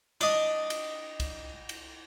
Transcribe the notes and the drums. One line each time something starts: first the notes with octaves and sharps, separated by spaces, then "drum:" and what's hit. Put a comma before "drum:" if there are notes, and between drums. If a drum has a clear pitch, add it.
D4 D#5, drum: cymbal
drum: cymbal
drum: kick, cymbal
drum: cymbal